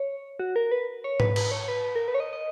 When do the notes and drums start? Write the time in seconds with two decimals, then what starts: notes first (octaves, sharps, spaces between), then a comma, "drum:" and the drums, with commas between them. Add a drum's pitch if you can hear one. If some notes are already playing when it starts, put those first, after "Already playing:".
Already playing: C#5
0.39 F#4
0.56 A#4
0.71 B4
1.04 C#5
1.20 B4, drum: tom G#2
1.36 B4, drum: cymbal
1.51 C#5
1.68 B4
1.84 B4
1.95 A#4
2.08 B4
2.15 C#5
2.20 D#5
2.33 D#5